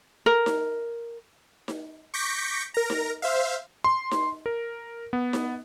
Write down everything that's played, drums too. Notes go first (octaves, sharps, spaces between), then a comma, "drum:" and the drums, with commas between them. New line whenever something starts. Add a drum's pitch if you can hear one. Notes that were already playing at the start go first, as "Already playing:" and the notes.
A#4
drum: snare D#4
drum: snare D#4
C#6 D6 G6 A#6 B6 C#7
A#4 A#5
drum: snare D#4
C5 E5 F5
C6
drum: snare D#4
A#4
B3
drum: snare D#4